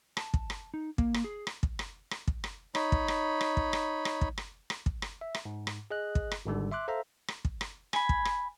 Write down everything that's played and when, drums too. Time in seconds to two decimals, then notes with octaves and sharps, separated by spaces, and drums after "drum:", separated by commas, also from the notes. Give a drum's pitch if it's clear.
0.17 A5, drum: rim click
0.34 drum: kick
0.50 drum: rim click
0.74 D#4
0.98 A#3, drum: kick
1.14 drum: rim click
1.24 G#4
1.47 drum: rim click
1.63 drum: kick
1.79 drum: rim click
2.11 drum: rim click
2.27 drum: kick
2.44 drum: rim click
2.75 D#4 C#5 B5, drum: rim click
2.92 drum: kick
3.08 drum: rim click
3.41 drum: rim click
3.57 drum: kick
3.73 drum: rim click
4.05 drum: rim click
4.21 drum: kick
4.38 drum: rim click
4.70 drum: rim click
4.86 drum: kick
5.02 drum: rim click
5.21 E5
5.35 drum: rim click
5.45 G#2
5.67 drum: rim click
5.91 G#4 D#5 F#6
6.15 drum: kick
6.31 drum: rim click
6.45 G#1 G#2 D3 G3
6.71 E5 C6 D6 F#6
6.88 A4 C5 E5 F5 A#5
7.28 drum: rim click
7.45 drum: kick
7.61 drum: rim click
7.93 G#5 B5, drum: rim click
8.09 drum: kick
8.25 drum: rim click